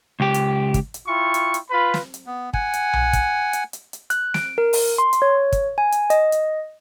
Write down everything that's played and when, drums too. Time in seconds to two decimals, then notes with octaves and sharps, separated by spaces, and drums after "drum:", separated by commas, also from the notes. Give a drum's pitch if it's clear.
0.20 C#2 G4
0.34 drum: hi-hat
0.74 drum: kick, hi-hat
0.94 drum: hi-hat
1.07 E4 F4 G5 C#6
1.34 drum: hi-hat
1.54 drum: hi-hat
1.71 F4 B4 B5
1.94 drum: snare
2.14 drum: hi-hat
2.26 B3
2.54 F#5 G#5, drum: kick
2.73 drum: hi-hat
2.93 drum: tom B1
3.13 drum: kick, hi-hat
3.53 drum: hi-hat
3.73 drum: hi-hat
3.93 drum: hi-hat
4.10 F#6, drum: hi-hat
4.34 D7, drum: snare
4.58 A#4
4.73 drum: open hi-hat
4.98 C6
5.13 drum: hi-hat
5.22 C#5
5.52 drum: kick, hi-hat
5.78 G#5
5.92 drum: hi-hat
6.10 D#5, drum: hi-hat
6.32 drum: hi-hat